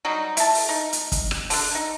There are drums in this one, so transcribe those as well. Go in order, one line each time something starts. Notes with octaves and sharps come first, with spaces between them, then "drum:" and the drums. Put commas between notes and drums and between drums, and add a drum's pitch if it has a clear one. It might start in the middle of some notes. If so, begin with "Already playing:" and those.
F#3 G3 D#4
E4 A5, drum: hi-hat
drum: open hi-hat
D#4
drum: hi-hat
drum: kick, hi-hat
drum: rim click
D3 D4, drum: open hi-hat
D#4